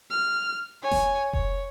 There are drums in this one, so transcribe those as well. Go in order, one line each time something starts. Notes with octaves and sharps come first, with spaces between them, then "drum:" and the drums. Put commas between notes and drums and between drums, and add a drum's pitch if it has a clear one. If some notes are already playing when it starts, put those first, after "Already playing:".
F6
C#5 G#5
drum: snare E1
C#5, drum: kick F1